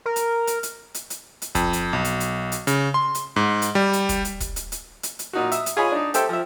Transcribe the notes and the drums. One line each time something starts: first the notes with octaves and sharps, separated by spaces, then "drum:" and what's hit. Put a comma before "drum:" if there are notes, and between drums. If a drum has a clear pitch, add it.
A#4
drum: hi-hat
drum: hi-hat
drum: hi-hat
drum: hi-hat
drum: hi-hat
drum: hi-hat
F2, drum: kick, hi-hat
drum: hi-hat
B1
drum: hi-hat
drum: hi-hat
drum: hi-hat
C#3, drum: hi-hat
C6
drum: hi-hat
G#2
drum: hi-hat
G3
drum: hi-hat
drum: kick, hi-hat
drum: hi-hat
drum: kick, hi-hat
drum: hi-hat
drum: hi-hat
drum: hi-hat
drum: hi-hat
A#2 D#4 F#4
E5 D#6, drum: hi-hat
drum: hi-hat
F4 G#4 C#5 D#5 G#5 B5
D4 D#4
G4 A4 C5 E5 G5, drum: hi-hat
F3 E5